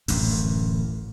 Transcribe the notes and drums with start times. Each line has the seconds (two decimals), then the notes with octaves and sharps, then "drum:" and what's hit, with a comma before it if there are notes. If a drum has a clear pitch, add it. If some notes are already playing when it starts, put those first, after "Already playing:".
0.08 D1 A1 F#2, drum: open hi-hat